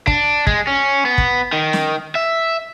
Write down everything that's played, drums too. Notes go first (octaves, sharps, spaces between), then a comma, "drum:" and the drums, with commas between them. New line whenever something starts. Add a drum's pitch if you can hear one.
D4, drum: kick
G#3, drum: kick
C#4
B3
drum: kick
D#3
drum: snare
E5